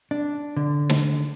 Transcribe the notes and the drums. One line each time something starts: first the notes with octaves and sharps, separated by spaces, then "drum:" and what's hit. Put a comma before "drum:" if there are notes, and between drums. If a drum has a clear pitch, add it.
D4
D3
drum: snare